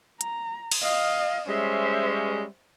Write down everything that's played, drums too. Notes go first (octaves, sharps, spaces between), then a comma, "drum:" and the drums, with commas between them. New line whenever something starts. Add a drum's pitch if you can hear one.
A#5, drum: hi-hat
drum: cymbal
D#5 F5
G3 G#3 C#4 C5 E5